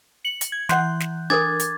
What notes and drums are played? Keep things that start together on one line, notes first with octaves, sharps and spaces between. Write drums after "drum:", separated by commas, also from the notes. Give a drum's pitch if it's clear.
C#7 F#7
drum: hi-hat
G#6
E3 F#5 C6 F#6 G6, drum: snare
drum: snare
D4 A4 A#4 D6 G#6 A6
drum: hi-hat